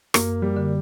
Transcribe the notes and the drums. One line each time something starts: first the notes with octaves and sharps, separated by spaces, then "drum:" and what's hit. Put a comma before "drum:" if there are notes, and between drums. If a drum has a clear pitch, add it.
F#2 A#3, drum: rim click
G3
D3